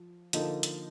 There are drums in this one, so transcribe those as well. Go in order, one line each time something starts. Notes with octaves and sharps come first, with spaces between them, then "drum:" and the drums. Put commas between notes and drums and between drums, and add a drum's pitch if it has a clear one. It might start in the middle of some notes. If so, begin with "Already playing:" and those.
Already playing: F3
D3 F3 A#3 D#4 A4, drum: hi-hat
drum: hi-hat